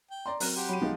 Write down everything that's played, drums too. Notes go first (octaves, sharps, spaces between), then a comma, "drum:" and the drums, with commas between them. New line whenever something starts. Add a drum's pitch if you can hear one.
G5
D5 A#5 C6
F#3 C4 A#4 F#6, drum: open hi-hat
G4 F#5 C6
F#3 B5 D#7
B1 D#3 F3 G#3